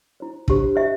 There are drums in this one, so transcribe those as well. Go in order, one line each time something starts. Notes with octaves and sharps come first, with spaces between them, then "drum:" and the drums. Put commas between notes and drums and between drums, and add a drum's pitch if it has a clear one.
E4 C5
D4 G4 C5, drum: kick
E4 G4 C5 E5